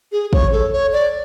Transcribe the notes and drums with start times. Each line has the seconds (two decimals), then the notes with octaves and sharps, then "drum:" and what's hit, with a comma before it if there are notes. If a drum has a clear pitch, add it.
0.12 G#4
0.33 C#5, drum: kick
0.52 A4
0.73 C#5
0.93 D5